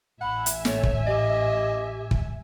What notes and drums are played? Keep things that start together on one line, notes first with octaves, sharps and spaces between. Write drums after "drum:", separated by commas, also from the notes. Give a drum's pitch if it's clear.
A1 E5 F#5 G#5 B5
drum: hi-hat
A3 C#5, drum: snare
drum: kick
G4 D#5
drum: kick